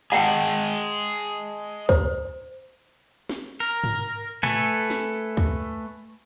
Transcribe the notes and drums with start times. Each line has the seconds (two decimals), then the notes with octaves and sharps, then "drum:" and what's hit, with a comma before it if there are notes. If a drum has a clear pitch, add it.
0.12 G#4 D#5 F#5 G5 A5
0.21 drum: open hi-hat
1.89 C5, drum: kick C#2
3.29 drum: snare
3.60 A#4
3.84 drum: tom G#2
4.43 A3 A4 B4 G#5, drum: tom A2
4.90 drum: snare
5.37 drum: kick C#2